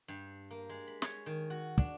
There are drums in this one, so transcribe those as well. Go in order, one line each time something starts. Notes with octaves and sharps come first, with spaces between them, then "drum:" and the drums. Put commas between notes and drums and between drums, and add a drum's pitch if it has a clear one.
G2
A#3
G#3
B5
C#5, drum: snare
D#3
F#4
D4, drum: kick